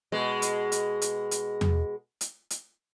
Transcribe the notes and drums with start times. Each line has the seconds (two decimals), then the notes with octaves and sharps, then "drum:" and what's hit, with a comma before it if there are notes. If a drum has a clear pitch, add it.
0.12 B2 G#3
0.42 drum: hi-hat
0.72 drum: hi-hat
1.02 drum: hi-hat
1.31 drum: hi-hat
1.61 drum: tom E2
2.21 drum: hi-hat
2.50 drum: hi-hat